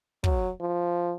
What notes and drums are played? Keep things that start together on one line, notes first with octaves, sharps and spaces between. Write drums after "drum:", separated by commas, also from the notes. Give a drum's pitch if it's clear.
F#3, drum: kick
F3